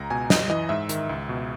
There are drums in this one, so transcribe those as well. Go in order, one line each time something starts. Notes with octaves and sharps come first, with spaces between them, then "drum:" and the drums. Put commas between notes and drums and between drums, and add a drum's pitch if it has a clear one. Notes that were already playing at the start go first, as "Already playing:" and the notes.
Already playing: C#2 A#5
B2 G#5
F#2 D#5, drum: snare
E3 D#5
G#2 E5
D#3, drum: hi-hat
C#2
B2